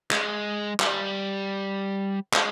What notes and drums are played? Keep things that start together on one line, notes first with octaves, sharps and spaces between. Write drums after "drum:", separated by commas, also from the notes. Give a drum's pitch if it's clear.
G#3, drum: clap
G3, drum: clap
G#3, drum: clap